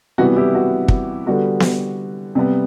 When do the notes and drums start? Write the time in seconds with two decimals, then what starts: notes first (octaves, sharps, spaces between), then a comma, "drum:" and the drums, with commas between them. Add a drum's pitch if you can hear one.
0.18 C3 E3 G3 B3 F#4
0.36 E4 G4
0.55 F#4
0.88 drum: kick
1.26 D3 G3 B3 F#4
1.60 drum: snare B3
2.35 C3 G3 B3